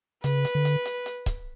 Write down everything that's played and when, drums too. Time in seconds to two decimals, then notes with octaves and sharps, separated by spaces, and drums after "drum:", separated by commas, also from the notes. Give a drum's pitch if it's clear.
0.24 C#3 B4, drum: hi-hat
0.45 drum: hi-hat
0.55 D3
0.65 drum: hi-hat
0.85 drum: hi-hat
1.06 drum: hi-hat
1.26 drum: kick, hi-hat